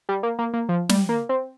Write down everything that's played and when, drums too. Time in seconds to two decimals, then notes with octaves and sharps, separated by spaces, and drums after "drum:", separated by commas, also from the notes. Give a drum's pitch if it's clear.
0.09 G3
0.23 A#3
0.39 A#3
0.53 A#3
0.69 F3
0.89 G3, drum: snare
1.09 A#3
1.29 C4